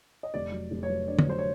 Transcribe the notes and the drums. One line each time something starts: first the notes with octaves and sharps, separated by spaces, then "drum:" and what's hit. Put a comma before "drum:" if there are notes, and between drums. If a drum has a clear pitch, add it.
D#5
F1 D5
F#3
F1
C#5
F#3
D3 D5
C#5, drum: tom
F#3 C5
C#5